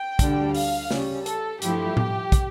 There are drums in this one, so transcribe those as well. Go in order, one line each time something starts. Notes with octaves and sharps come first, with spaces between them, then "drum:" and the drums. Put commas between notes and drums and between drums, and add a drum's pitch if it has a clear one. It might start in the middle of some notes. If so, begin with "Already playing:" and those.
Already playing: G5
D2 D3 G3 D4, drum: kick, hi-hat
F5, drum: open hi-hat
C#3 G3 C#4, drum: snare
A4, drum: hi-hat
G2 F3 A3 E4 G4, drum: hi-hat
drum: tom A2
drum: kick, hi-hat